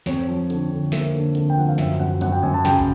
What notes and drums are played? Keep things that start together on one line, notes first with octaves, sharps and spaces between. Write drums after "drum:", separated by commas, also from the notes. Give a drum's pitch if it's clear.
F2 C#5, drum: snare
F3
D3, drum: hi-hat
D3
A#3 E5, drum: snare
D3
D3, drum: hi-hat
G5
F3 F#5
F5
F#2 E5, drum: snare
F#2 F#5
F#2 F#5, drum: hi-hat
G5
F#2 G#5
A5
C#3 G5, drum: snare
drum: kick, hi-hat